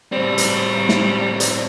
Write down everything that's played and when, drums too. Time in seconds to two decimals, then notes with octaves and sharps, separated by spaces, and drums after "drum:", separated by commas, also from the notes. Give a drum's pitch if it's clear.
0.12 A2 G3 C4
0.38 drum: hi-hat
0.89 drum: snare
1.40 drum: hi-hat